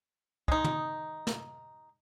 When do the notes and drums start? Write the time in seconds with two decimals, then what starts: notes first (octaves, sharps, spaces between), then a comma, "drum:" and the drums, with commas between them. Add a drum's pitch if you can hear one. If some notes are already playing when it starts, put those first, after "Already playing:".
0.48 G#3 D#4, drum: kick
0.64 drum: tom
1.27 drum: snare